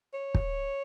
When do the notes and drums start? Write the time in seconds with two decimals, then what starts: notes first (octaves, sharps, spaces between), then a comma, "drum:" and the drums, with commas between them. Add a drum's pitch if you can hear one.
0.14 C#5
0.35 drum: kick